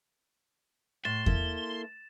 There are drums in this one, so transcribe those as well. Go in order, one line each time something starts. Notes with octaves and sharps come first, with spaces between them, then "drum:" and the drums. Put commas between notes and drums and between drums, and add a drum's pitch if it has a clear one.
A2 C6 A6 E7
A#3 E4 A4, drum: kick E2